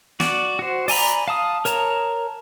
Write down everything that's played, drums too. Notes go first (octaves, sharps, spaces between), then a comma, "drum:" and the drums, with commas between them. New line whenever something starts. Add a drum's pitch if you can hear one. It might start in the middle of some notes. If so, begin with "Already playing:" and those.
F#4 D5, drum: snare
F#4 C5
D5 G#5 A#5 B5, drum: open hi-hat
F5 A5 D#6
A#4 C#5 A5 A#5, drum: hi-hat